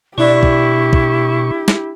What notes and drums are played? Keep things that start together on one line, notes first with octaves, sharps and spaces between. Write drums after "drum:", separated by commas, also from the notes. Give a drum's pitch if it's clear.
B2 D4 E4 G4 C#6
drum: kick
drum: kick
drum: snare